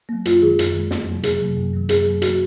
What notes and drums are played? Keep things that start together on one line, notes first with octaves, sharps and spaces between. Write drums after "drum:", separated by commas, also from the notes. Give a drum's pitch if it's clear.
F#3 A#3
F#2 F4, drum: hi-hat
D#3 G#3 G#4
F#2, drum: hi-hat
D#3 G#3
F2, drum: snare
C3 F#3 A#3
F2 G#4, drum: hi-hat
C3 F#3 A#3
F#2
D#3 F#3 A#3
F#2 G#4, drum: hi-hat
D#3 F#3 A#3
F#4, drum: hi-hat